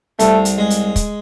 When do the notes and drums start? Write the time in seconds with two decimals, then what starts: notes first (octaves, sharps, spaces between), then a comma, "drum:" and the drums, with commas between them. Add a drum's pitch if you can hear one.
0.20 C2 A3, drum: hi-hat
0.45 drum: hi-hat
0.58 G#3
0.70 drum: hi-hat
0.96 drum: kick, hi-hat